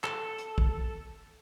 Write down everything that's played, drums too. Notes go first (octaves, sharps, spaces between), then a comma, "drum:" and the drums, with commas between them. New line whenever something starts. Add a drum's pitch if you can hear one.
A4, drum: clap
drum: hi-hat
drum: kick